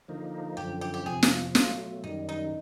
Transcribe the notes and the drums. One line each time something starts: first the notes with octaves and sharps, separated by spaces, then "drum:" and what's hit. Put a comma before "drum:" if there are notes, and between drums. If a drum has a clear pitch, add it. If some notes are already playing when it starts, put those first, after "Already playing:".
D3 F3 A#3 D#4
F#2 D3 F3 G4
G4
G4
F2 C3 F3 G#4
drum: snare
B2 F#3 A3 F4, drum: snare
F#2 D#3 G3 D#4
D#4